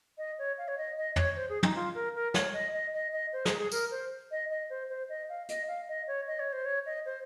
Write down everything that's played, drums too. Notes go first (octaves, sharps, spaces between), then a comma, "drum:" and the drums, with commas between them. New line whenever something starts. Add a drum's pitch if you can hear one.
D#5
C#5
F5
C#5
D#5
D#5
C#5, drum: tom
C5
G#4
D#4, drum: tom
F4
A#4
A#4
C#5, drum: snare
D#5
D#5
D#5
D#5
C5
G#4, drum: snare
G#4
A#4, drum: tambourine
C5
D#5
D#5
C5
C5
D#5
F5
D#5, drum: hi-hat
F5
D#5
C#5
D#5
C#5
C5
C#5
D#5
C5